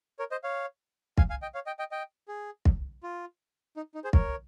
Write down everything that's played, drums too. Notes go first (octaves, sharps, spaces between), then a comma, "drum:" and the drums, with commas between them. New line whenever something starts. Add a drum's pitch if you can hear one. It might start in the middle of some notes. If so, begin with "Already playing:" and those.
A#4 C#5
C5 D#5
C#5 F5
F5 G#5, drum: kick
F5 G#5
D#5 G5
C#5 F5
D#5 G5
D#5 G5
D#5 G5
G#4
drum: kick
F4
D#4
D#4
G#4 C5
A#4 C#5, drum: kick